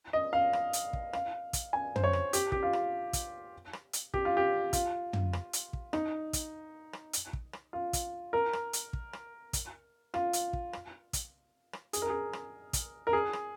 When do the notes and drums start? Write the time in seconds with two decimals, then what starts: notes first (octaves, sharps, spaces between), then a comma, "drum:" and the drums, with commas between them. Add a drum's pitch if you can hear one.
0.13 D#5
0.33 F5
0.53 drum: rim click
0.73 drum: hi-hat
0.93 drum: kick
1.13 F5, drum: rim click
1.53 drum: kick, hi-hat
1.73 G#5
1.96 C5, drum: tom
2.04 C#5
2.13 drum: rim click
2.33 G4, drum: hi-hat
2.52 G4, drum: kick
2.63 F4
2.73 drum: rim click
3.13 drum: kick, hi-hat
3.73 drum: rim click
3.93 drum: hi-hat
4.14 G4, drum: kick
4.25 F4
4.37 G4
4.73 F4, drum: kick, hi-hat
5.13 drum: tom
5.33 drum: rim click
5.53 drum: hi-hat
5.73 drum: kick
5.93 D#4, drum: rim click
6.33 drum: kick, hi-hat
6.93 drum: rim click
7.13 drum: hi-hat
7.33 drum: kick
7.53 drum: rim click
7.73 F4
7.93 drum: kick, hi-hat
8.33 A#4
8.53 drum: rim click
8.73 drum: hi-hat
8.93 drum: kick
9.13 drum: rim click
9.53 drum: kick, hi-hat
10.14 F4, drum: rim click
10.33 drum: hi-hat
10.53 drum: kick
10.73 drum: rim click
11.13 drum: kick, hi-hat
11.73 drum: rim click
11.93 G#4, drum: hi-hat
12.02 A#4
12.10 G#4
12.33 drum: rim click
12.73 drum: kick, hi-hat
13.07 A#4
13.13 G#4
13.33 drum: rim click